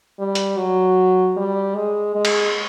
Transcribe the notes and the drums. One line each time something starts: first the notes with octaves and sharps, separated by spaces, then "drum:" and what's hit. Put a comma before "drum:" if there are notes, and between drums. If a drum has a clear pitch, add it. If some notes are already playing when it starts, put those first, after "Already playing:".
G3
drum: hi-hat
F#3
G3
G#3
G#3
drum: cymbal